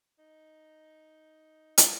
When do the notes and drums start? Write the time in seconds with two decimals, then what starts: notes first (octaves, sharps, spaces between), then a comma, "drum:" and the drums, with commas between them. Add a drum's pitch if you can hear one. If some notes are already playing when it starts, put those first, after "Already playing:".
0.19 D#4
1.78 D4, drum: hi-hat